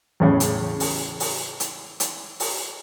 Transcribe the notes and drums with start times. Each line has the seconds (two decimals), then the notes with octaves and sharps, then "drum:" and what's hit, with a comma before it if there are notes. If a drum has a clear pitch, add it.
0.20 E2 A2 C#3
0.40 drum: hi-hat
0.80 drum: open hi-hat
1.20 drum: open hi-hat
1.60 drum: hi-hat
2.00 drum: hi-hat
2.40 drum: open hi-hat